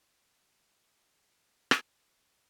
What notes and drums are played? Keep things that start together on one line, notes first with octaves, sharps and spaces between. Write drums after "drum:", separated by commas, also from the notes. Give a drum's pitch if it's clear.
G#2 D3
A1 D#2 G#2 F4 F#4 A#4 B4
drum: rim click